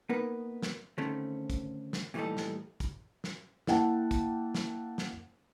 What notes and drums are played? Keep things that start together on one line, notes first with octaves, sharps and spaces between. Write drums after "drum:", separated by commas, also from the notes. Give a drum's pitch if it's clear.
A#3 B3 D#4 A#4 B4
drum: snare
D3 D#3 A3 C4 C#4
drum: kick, hi-hat
drum: snare
A#2 E3 G3 A3 D#4 A4
drum: snare
drum: kick, hi-hat
drum: snare
A#3 E4 F#5 G5 A5, drum: snare
drum: kick, hi-hat
drum: snare
drum: snare